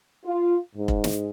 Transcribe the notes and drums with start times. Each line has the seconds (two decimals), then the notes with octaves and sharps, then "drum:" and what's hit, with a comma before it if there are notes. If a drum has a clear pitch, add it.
0.25 F4
0.76 G#2
0.88 drum: kick
1.04 drum: snare